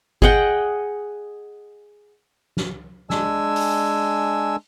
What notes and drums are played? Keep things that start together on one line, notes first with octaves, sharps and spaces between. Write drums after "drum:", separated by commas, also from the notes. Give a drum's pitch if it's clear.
G#4 D#5 F#5 G5, drum: kick G1
drum: snare
G#3 D4 G#5 E6, drum: snare
drum: open hi-hat